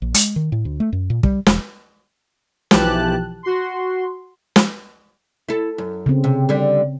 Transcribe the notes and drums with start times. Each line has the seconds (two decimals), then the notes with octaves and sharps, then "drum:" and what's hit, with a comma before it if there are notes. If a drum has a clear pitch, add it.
0.02 A#1
0.14 G#3, drum: hi-hat
0.36 D#3
0.52 A2
0.65 D2
0.80 A3
0.93 F#2
1.10 A#2
1.23 G3, drum: kick
1.46 E1, drum: snare
2.71 B1 E3 F3 G4 A5 F#6, drum: snare
3.43 F#4 C6
4.56 drum: snare
5.49 E4 A4
5.78 F#2
6.06 C#3 C4
6.24 C3
6.49 D3 G3